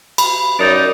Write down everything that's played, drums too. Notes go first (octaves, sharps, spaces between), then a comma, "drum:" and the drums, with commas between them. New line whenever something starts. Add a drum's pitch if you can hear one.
B5, drum: cymbal
F#2 D#4 D5